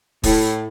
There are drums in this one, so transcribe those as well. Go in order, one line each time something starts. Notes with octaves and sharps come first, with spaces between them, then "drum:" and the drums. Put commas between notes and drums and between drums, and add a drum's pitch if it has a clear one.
A2, drum: kick, open hi-hat